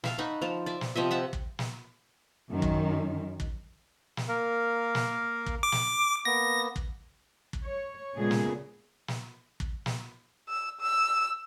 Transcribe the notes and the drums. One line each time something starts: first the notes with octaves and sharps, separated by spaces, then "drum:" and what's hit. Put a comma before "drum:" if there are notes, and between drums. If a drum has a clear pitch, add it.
E5 F5 A5, drum: snare
D#4 F#5 B5 C#6
F3 F4 A5
D5 E5
drum: snare
C3 F3 D#5 E5
E5 F#5 A5
drum: kick
drum: snare
F#2 D#3
drum: kick
drum: kick
drum: snare
A#3 A#4 F5
drum: snare
drum: kick
D6
drum: snare
A#3 B3 A#6
drum: kick
drum: kick
C#5
A#2 C#3 G#3 A3 B3 G#4
drum: snare
drum: snare
drum: kick
drum: snare
E6
E6